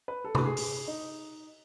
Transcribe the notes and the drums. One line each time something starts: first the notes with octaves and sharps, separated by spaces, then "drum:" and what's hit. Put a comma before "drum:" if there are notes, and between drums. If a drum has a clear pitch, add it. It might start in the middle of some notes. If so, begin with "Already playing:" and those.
B4
A4
B4, drum: tom C3
G#4
drum: open hi-hat
D#4